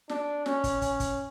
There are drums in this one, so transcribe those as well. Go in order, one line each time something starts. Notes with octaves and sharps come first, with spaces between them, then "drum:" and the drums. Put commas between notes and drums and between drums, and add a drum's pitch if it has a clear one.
D4, drum: snare
C#4, drum: snare
drum: kick, hi-hat
C#4, drum: kick, hi-hat
drum: kick, hi-hat